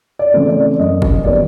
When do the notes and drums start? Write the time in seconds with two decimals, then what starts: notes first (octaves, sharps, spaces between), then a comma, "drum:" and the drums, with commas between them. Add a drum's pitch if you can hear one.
0.19 D5
0.34 C#3 E3 A3 C4
0.49 D5
0.79 F#2 D#5
1.02 drum: kick
1.25 D#3 G3 B3 D5